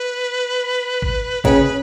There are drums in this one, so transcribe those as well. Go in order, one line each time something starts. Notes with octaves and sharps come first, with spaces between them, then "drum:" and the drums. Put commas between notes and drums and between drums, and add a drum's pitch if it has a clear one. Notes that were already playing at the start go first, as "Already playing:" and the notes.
Already playing: B4
drum: kick G#1
C#3 B4, drum: kick G#1